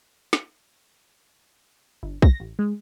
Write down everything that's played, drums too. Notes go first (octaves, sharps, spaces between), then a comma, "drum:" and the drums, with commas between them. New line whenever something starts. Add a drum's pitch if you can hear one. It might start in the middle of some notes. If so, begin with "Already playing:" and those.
drum: snare
G1
A#6, drum: kick
A1
G#3